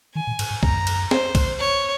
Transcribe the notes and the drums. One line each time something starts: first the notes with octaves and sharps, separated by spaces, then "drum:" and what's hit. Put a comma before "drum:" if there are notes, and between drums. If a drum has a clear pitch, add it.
D#3 G#5
A#2
G#2, drum: cymbal
G#2
F#2 A#5, drum: kick B1
drum: cymbal
C5, drum: snare
drum: kick B1, cymbal
C#5